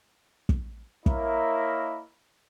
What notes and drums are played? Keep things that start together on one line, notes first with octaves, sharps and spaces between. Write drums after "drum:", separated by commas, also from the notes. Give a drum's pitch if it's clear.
drum: kick
A#3 E4 A#4 C#5 D#5 E5, drum: kick